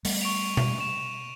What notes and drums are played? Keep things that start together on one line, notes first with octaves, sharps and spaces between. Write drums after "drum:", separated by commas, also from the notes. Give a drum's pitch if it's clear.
G3 A3 B3, drum: open hi-hat
C#6 D7 F7
drum: tom B2
C#6 E7